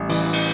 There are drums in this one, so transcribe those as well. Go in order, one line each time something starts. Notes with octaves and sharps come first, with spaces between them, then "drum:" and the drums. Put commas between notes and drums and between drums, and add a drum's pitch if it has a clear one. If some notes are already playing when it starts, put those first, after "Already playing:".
Already playing: A1 G3
E3, drum: cymbal
drum: cymbal